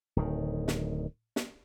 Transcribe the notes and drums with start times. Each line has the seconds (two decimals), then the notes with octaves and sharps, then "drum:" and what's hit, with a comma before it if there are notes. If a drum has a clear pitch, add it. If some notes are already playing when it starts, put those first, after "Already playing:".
0.16 D1 D#3
0.68 drum: snare
1.36 drum: snare